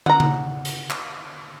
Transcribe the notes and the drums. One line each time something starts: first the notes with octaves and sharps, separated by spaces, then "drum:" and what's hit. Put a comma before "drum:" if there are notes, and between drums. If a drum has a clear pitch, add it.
F#5 A#5, drum: tom
drum: tom C#3
drum: hi-hat
drum: clap